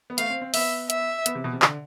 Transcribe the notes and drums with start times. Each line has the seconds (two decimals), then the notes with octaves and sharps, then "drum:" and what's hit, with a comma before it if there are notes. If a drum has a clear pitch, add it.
0.10 B3
0.18 A3 F5, drum: hi-hat
0.30 C4
0.41 C4
0.54 B3 E5, drum: open hi-hat
0.90 E5, drum: hi-hat
1.26 B3, drum: hi-hat
1.35 C3
1.44 B2
1.53 C3
1.62 D3, drum: clap